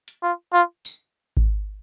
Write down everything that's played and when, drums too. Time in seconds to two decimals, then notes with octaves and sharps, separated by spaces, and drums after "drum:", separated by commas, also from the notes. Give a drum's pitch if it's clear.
0.08 drum: hi-hat
0.23 F4
0.53 F4
0.85 drum: tambourine
1.37 drum: kick G#1